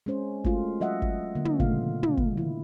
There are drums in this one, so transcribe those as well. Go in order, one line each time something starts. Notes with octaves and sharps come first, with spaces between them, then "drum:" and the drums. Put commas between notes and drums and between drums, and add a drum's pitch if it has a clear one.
G#3 C4 C#4 C5
G#3 A3 F4 F#4, drum: kick G1
F#3 D#5 E5 F#5
drum: kick G1
D3 A#3
drum: tom
A#2 C#3 A3 B3 F4 F5, drum: kick G1
drum: tom
drum: kick G1
D3 E4